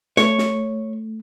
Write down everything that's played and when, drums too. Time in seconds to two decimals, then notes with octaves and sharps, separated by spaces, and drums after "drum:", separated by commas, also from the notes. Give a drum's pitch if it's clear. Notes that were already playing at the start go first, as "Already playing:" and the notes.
0.17 A3 C#5, drum: snare
0.38 drum: snare